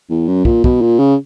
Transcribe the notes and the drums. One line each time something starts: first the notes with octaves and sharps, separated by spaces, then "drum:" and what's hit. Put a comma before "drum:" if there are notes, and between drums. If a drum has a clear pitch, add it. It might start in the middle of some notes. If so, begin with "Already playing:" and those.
E2
F#2
A#2, drum: kick
B2, drum: kick
A#2
C#3